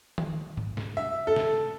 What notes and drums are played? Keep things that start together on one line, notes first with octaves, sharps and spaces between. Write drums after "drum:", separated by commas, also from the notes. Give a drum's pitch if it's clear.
drum: tom D#3
drum: tom G#2
drum: snare
E5
A4
drum: snare